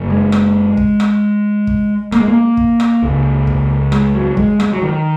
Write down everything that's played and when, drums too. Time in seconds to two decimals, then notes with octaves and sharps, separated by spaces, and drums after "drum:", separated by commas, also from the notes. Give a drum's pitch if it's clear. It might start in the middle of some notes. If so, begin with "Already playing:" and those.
Already playing: F#1 F#2 C#3
0.10 G#3
0.32 drum: rim click
0.77 drum: kick
1.00 drum: rim click
1.67 drum: kick
2.12 A#3, drum: rim click
2.20 G#3
2.28 A#3
2.57 drum: kick
2.80 drum: rim click
3.02 C#2 C#3
3.47 drum: kick
3.92 G#3, drum: rim click
4.15 F#3
4.37 G#3, drum: kick
4.60 G#3, drum: rim click
4.73 F#3
4.82 D#3